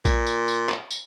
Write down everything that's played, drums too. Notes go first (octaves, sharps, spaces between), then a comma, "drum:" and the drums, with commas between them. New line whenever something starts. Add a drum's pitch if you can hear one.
A#2, drum: kick A#1, tambourine
drum: tambourine
drum: tambourine
drum: clap
drum: tambourine